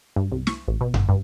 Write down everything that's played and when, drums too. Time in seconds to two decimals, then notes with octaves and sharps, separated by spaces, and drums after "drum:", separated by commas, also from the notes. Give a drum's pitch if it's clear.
0.16 G2
0.32 C2
0.47 C#6, drum: snare
0.68 A1
0.81 B2
0.94 G#1, drum: tom F#2
1.09 G2